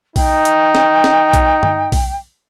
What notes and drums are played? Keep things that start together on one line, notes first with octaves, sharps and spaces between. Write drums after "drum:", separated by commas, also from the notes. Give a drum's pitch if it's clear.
D#4 G5, drum: kick B1, open hi-hat
drum: hi-hat
drum: snare
drum: snare
drum: kick B1, hi-hat
drum: tom
drum: kick B1, open hi-hat